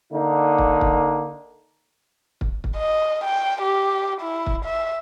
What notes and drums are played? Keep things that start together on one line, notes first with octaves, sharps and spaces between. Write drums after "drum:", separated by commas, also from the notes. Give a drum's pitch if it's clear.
D3 A#3 D#4
drum: kick
drum: kick
drum: kick
drum: kick
D#5
G5
G4
E4
drum: kick
E5